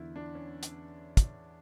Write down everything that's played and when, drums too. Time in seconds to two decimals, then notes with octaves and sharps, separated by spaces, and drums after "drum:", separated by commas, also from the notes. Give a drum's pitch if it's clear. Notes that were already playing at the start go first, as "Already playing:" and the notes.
Already playing: E2 D3 E4
0.16 D4
0.35 C#4
0.63 drum: hi-hat
1.17 drum: kick, hi-hat